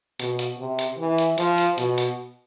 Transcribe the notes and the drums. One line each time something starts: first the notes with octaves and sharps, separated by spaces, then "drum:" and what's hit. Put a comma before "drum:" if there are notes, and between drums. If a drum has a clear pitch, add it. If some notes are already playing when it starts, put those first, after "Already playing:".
B2, drum: hi-hat
drum: hi-hat
C3
drum: hi-hat
E3
drum: hi-hat
F3, drum: hi-hat
drum: hi-hat
B2, drum: hi-hat
drum: hi-hat